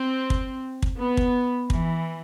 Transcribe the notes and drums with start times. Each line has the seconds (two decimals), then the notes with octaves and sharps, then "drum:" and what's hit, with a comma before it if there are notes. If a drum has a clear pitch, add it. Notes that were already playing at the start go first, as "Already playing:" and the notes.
Already playing: C4
0.30 drum: kick
0.82 drum: kick
1.00 B3
1.17 drum: kick
1.70 E3, drum: kick